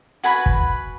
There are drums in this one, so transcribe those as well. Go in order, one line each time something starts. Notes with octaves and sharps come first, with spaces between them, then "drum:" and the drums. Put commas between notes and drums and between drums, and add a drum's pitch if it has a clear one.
F#4 B4 G#5 B5
drum: kick